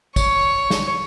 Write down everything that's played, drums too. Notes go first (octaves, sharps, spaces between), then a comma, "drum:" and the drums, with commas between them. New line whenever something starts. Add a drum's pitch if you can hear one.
C#5, drum: kick, tambourine
drum: snare